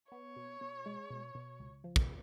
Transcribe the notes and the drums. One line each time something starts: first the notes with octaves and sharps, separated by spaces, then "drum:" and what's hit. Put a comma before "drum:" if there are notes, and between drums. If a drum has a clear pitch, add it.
B3 C#5
B2
B2
G#3
B2
B2
C#2
F3
drum: kick